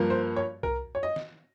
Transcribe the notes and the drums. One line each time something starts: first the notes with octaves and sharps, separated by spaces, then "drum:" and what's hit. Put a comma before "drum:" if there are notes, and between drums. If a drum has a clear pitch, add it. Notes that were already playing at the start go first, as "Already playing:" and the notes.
Already playing: G2 F3 A#3
C5
C#5
A#4, drum: kick C2
C#5
D#5
drum: snare